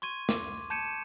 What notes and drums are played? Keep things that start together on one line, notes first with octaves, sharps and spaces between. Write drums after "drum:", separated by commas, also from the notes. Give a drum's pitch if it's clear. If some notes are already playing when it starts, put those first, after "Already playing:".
C6 C#6 G#6 D#7
D6, drum: snare
A5 G6 G#6 C#7 D#7 E7